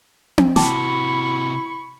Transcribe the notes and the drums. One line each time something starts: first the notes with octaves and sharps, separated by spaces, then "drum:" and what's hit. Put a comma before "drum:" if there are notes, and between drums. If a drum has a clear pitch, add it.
drum: tom C4
C3 E4 F#4 G5 A5 B5 C#6 D6, drum: snare